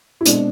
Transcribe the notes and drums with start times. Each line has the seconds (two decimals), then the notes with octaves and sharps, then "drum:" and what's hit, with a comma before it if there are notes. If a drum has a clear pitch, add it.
0.21 E4
0.26 B2 G#3 C4 D4, drum: hi-hat